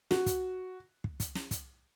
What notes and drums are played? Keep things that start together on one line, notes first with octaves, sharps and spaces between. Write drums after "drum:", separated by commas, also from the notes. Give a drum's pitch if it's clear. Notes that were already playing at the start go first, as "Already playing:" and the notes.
F#4, drum: snare
drum: kick, hi-hat
drum: kick
drum: kick, hi-hat
drum: snare
drum: kick, hi-hat